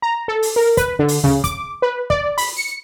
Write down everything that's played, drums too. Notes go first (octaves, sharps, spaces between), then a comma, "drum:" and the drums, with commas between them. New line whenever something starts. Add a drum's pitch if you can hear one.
A#5
A4
drum: open hi-hat
A#4
B4, drum: kick, hi-hat
D3
drum: open hi-hat
C#3, drum: tom C#2
D6, drum: kick, hi-hat
B4
D5, drum: kick
B5, drum: open hi-hat
C#7